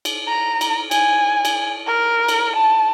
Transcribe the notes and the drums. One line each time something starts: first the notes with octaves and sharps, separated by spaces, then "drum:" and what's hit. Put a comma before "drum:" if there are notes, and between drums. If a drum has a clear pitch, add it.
drum: cymbal
A#5
drum: cymbal
G#5, drum: cymbal
drum: cymbal
A#4
drum: cymbal
A5